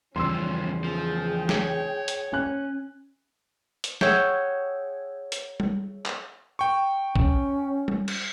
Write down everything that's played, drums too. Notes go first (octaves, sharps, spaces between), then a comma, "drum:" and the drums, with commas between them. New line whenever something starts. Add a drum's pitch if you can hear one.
E2 G2 C#3 F3 C#4 C6 E6
F3 G#4 G5
C#5, drum: snare
drum: hi-hat
C#4 G#5 F#6
drum: hi-hat
G#4 C#5 E5 F#5 G5, drum: snare
drum: hi-hat
drum: tom G3
drum: clap
G5 C#6
C#4, drum: kick B1
drum: tom G3
drum: cymbal